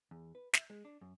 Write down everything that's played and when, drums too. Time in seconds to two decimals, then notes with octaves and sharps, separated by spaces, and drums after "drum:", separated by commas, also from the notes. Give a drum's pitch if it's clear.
0.11 E2
0.35 B4
0.53 E5, drum: snare
0.70 G#3
0.85 D4
1.01 F#2